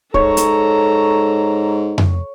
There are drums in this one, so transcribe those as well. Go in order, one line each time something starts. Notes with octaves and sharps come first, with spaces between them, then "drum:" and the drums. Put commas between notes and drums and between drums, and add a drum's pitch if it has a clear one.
G#2 A4 C#5 A#5, drum: kick
drum: hi-hat
drum: tom F2